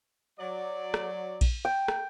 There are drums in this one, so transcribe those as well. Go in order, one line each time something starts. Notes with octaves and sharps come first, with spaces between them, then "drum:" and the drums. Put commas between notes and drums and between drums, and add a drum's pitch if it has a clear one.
F#3 D5
drum: rim click
drum: kick A#1, cymbal
G5
drum: rim click